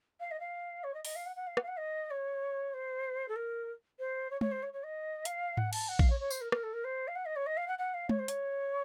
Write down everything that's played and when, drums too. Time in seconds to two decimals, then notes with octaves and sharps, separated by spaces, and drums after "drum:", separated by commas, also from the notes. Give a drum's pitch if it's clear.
0.20 F5
0.31 D#5
0.40 F5
0.84 C#5
0.94 D#5
1.05 D#5, drum: open hi-hat
1.15 F5
1.26 F#5
1.36 F#5
1.47 F5
1.57 F#5, drum: rim click
1.63 F5
1.68 F#5
1.78 D#5
2.10 C#5
2.74 C5
3.28 A4
3.36 A#4
3.99 C5
4.30 C#5
4.41 C#5, drum: tom G#3
4.51 C5
4.63 C#5
4.73 C#5
4.83 D#5
5.25 F5, drum: hi-hat
5.57 F#5, drum: tom G#2
5.73 A5, drum: cymbal
5.88 F#5
5.99 F5, drum: kick A#1
6.10 C#5
6.20 C#5
6.30 C5, drum: tambourine
6.41 A#4
6.52 A#4, drum: rim click
6.63 A4
6.73 A#4
6.84 C5
7.08 F5
7.15 F#5
7.25 D#5
7.36 C#5
7.46 D#5
7.57 F5
7.68 F#5
7.78 F#5
7.94 F5
8.09 C#5, drum: tom G#3
8.19 C5
8.28 C#5, drum: hi-hat